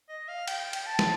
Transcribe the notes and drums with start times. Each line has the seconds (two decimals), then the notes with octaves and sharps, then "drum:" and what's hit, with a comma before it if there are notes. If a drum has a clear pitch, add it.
0.09 D#5
0.28 F5
0.48 G5, drum: cymbal
0.73 drum: cymbal
0.86 A5
0.99 drum: snare